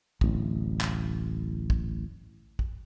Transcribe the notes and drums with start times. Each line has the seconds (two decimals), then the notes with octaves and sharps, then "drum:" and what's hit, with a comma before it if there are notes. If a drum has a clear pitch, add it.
0.21 D1 A1, drum: kick
0.81 drum: clap
1.70 drum: kick
2.59 drum: kick